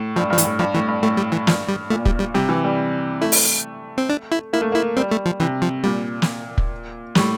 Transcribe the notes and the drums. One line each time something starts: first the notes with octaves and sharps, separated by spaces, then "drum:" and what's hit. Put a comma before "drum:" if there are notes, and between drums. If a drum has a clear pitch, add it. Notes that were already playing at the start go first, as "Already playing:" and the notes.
Already playing: A2
G2 F3
G2 F3
E3, drum: hi-hat
A2
G2 F3
A2 E3
G2
A2 A3
G3
E3
G2 F3, drum: snare
G3
A#2 A3
G3, drum: kick
G3
C3 G3
E3
G3
A3 E4
drum: open hi-hat
C4
D4
E4
A#3 E4
A3
A#3 E4
G3 C4
A3
F3
C3 E3
F3
A#2 G3
drum: snare
drum: kick
A2 G3, drum: snare